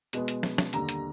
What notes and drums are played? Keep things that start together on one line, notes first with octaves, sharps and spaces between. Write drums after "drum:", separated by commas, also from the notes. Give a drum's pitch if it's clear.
B2 G#3 B3, drum: hi-hat
drum: hi-hat
drum: snare
drum: snare
D#2 D3 G3 A#5, drum: hi-hat
drum: hi-hat